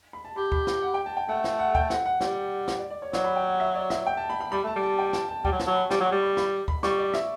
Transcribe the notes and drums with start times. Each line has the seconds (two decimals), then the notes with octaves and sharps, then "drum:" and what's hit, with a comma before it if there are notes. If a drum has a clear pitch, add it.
0.13 B5
0.25 A5
0.36 G4 B5
0.52 B5, drum: kick D2
0.67 B5, drum: snare
0.82 F#5
0.94 G5
1.06 A5
1.17 G5
1.29 A3 F#5
1.44 drum: snare
1.59 F#5
1.75 G5, drum: kick D2
1.90 F#5, drum: snare
2.05 F#5
2.21 G3, drum: snare
2.68 F#5, drum: snare
2.79 D5
2.90 D5
3.02 C#5
3.13 F#3 D5, drum: snare
3.24 B5
3.36 G5
3.48 F#5
3.60 E5
3.75 D5
3.90 E5, drum: snare
4.07 G5
4.17 A5
4.30 B5
4.40 B5
4.52 G3 B5
4.64 A3 A5
4.76 G3
4.83 A5
4.99 G5
5.13 A5, drum: snare
5.29 A5
5.45 G3 G5, drum: kick D2
5.52 F#3
5.60 A5, drum: snare
5.67 F#3
5.75 B5
5.91 G3 C#6, drum: snare
6.00 F#3
6.06 C#6
6.12 G3
6.21 B5
6.37 B5, drum: snare
6.68 B5, drum: kick D2
6.83 G3 C#6, drum: snare
6.99 D5
7.14 E5, drum: snare